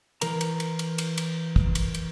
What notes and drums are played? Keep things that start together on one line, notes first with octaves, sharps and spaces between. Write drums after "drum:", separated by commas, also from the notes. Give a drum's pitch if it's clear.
E3 A#4 A#5, drum: cymbal
drum: cymbal
drum: cymbal
drum: cymbal
drum: cymbal
drum: cymbal
drum: kick
drum: cymbal
drum: cymbal